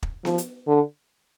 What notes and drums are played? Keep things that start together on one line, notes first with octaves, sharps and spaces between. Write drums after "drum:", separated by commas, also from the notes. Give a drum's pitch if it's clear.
drum: kick
F3, drum: snare B3
drum: hi-hat
D3